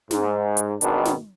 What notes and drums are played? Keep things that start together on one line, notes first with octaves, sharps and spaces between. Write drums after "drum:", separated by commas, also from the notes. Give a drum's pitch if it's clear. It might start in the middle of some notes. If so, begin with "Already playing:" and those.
G#2, drum: snare
drum: hi-hat
G#1 B2 D#3 D4, drum: hi-hat
drum: snare